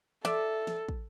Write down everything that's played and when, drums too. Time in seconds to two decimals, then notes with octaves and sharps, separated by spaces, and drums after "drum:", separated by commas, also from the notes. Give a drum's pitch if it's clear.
0.25 A4 D5 E5, drum: snare
0.67 drum: snare
0.89 drum: kick